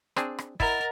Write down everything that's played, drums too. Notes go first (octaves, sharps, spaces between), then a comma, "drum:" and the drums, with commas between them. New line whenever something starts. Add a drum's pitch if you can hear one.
C4 D4 G#4, drum: rim click
drum: rim click
E4 A#4 D#5 F#5 A#5 A6, drum: kick